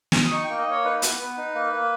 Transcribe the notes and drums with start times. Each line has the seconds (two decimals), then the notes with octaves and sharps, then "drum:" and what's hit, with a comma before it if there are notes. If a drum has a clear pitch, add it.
0.12 drum: snare
0.23 D#6
0.31 D#4 C#6
0.44 A#3 G5
0.58 D#5
0.67 A#3 C#5
0.85 D#4 B4
1.02 B3, drum: hi-hat
1.19 B3
1.37 D#4
1.55 A#3
1.73 A#3